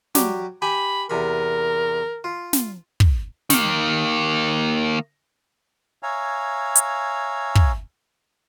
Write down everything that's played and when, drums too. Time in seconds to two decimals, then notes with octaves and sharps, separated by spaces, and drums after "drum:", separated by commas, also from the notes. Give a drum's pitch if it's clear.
0.15 F#3 G3 G4, drum: snare
0.62 G4 G#5 B5
1.10 E2 C3 A#4 B5
2.24 F4
2.53 drum: snare
3.00 drum: kick
3.50 D#3 A#3, drum: snare
6.03 C#5 E5 F5 G#5 A#5
6.76 drum: hi-hat
7.55 drum: kick